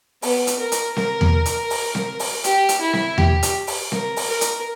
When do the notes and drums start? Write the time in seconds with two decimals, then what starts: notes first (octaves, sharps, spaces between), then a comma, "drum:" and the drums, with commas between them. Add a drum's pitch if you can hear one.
0.22 B3, drum: open hi-hat
0.47 drum: hi-hat
0.59 A#4
0.72 drum: hi-hat
0.97 A#4, drum: snare C4
1.21 drum: tom E2
1.46 drum: hi-hat
1.70 drum: open hi-hat
1.95 drum: snare C4
2.19 drum: open hi-hat
2.44 G4, drum: hi-hat
2.69 drum: hi-hat
2.81 E4
2.93 drum: snare C4
3.18 G4, drum: tom E2
3.43 drum: hi-hat
3.67 drum: open hi-hat
3.92 A#4, drum: snare C4
4.16 drum: open hi-hat
4.29 A#4
4.41 drum: hi-hat